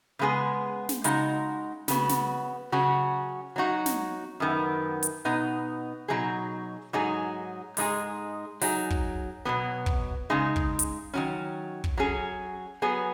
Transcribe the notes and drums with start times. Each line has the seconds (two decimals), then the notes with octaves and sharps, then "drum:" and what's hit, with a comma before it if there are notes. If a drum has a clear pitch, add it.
0.19 C#3 G#3 B3 G#4
0.89 drum: snare
1.04 C#3 G#3 D#4 F#4, drum: hi-hat
1.88 C#3 B3 F#4, drum: snare
2.09 drum: snare
2.72 C#3 F#3 C#4 F#4
3.56 F#3 D#4 F#4
3.86 drum: snare
4.40 F#2 D#3 B3
5.03 drum: hi-hat
5.25 B2 B3 D#4
6.08 B2 F#3 D#4 G#4
6.93 G#2 F#3 D#4 G#4
7.77 G#2 G#3 D#4 G#4, drum: open hi-hat
8.61 F#3 D#4 G#4, drum: open hi-hat
8.90 drum: kick
9.45 B2 F#3 B3
9.86 drum: kick
10.30 C#3 G#3 D#4 G#4
10.56 drum: kick
10.79 drum: hi-hat
11.14 D#3 F#3 C#4
11.84 drum: kick
11.98 F#3 C#4 G#4
12.82 F#3 B3 G#4